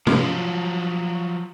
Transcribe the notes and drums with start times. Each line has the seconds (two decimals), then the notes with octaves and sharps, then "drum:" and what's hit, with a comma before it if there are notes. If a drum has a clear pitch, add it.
0.07 F3 F#3, drum: tom